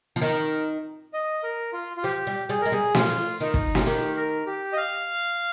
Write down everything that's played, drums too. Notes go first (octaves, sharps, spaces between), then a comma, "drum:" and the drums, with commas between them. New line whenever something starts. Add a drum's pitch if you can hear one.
F3
D#3 A#4
D#5
A#4
F4
F4
F3 G4
G3
G3 G#4
G#3 A#4
G3 G#4
F3 F4, drum: snare
D#3 D#4
drum: kick
F4, drum: snare
D#3 G4
A#4
G4
D#5
F5